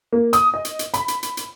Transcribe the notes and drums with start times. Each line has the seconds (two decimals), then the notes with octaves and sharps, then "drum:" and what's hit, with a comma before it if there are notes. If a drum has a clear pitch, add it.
0.13 A#3
0.33 D#6, drum: hi-hat
0.54 D#5
0.65 drum: hi-hat
0.79 drum: hi-hat
0.94 B5, drum: hi-hat
1.08 drum: hi-hat
1.23 drum: hi-hat
1.37 drum: hi-hat